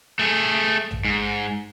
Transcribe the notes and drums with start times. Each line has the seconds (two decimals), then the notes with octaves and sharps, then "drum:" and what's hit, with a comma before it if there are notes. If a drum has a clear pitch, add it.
0.19 A3 G#4
0.91 drum: tom A1
1.05 G#2